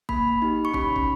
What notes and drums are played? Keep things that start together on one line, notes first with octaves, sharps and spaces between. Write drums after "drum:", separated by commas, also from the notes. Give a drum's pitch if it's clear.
A#3 B5, drum: kick
D#4 G4
C#6
C#4 B5, drum: kick
drum: kick